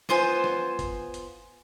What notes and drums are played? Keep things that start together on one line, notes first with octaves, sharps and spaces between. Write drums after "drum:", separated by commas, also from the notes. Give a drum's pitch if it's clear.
B3 F4 C5 G#5, drum: snare
drum: snare
drum: kick F#1, hi-hat
drum: hi-hat